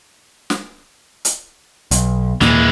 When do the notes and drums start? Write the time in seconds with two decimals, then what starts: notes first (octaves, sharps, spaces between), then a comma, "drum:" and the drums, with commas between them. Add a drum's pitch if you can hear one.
0.50 drum: snare
1.25 drum: hi-hat
1.91 B1, drum: hi-hat
2.41 D#2 A#2 D#3 E3 G#3, drum: snare